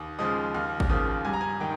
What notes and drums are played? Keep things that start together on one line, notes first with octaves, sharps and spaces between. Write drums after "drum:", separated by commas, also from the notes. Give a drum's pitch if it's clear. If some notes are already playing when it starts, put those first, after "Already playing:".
Already playing: D#2 D#6
C#3 F3 G#3 D#6
D#2 F6
drum: kick G#1
C#3 F3 A#3 D#6
G2 G#5
A#5
G#5
D#3 G5